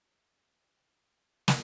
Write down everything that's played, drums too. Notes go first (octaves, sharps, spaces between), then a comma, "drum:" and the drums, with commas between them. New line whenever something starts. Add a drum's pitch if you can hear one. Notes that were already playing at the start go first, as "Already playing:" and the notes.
Already playing: A4
F#4
drum: snare